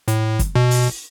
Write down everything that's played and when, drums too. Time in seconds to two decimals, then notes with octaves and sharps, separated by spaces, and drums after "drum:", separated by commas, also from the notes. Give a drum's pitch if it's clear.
0.08 A2, drum: hi-hat
0.39 drum: kick, hi-hat
0.55 B2
0.71 drum: open hi-hat